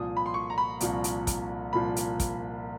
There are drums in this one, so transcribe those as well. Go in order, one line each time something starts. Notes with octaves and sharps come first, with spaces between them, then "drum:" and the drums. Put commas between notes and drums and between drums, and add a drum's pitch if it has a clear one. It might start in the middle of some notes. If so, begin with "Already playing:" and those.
Already playing: C2 A#2 F3 D#6
B5
C6
C#6
A#5
B5
C2 A#2 F3, drum: hi-hat
drum: hi-hat
drum: kick, hi-hat
C2 A#2 F3 B5
drum: hi-hat
drum: kick, hi-hat